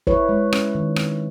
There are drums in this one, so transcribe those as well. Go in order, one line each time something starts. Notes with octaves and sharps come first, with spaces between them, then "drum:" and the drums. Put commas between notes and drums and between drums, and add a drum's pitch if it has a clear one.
E4 B4 C#5, drum: kick
G#3
C#4, drum: rim click
D#3
C4, drum: rim click